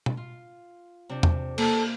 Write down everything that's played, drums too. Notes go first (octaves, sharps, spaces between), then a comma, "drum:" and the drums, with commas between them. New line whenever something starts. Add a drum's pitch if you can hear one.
drum: tom B2
F4
C3 D4
drum: tom E2
A#3 A4, drum: cymbal